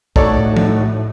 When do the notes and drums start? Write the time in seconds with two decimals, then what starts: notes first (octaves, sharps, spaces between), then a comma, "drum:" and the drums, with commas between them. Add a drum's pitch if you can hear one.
0.16 A2 A3 D#4 F#4 A4 C#5 D5, drum: kick
0.57 drum: tom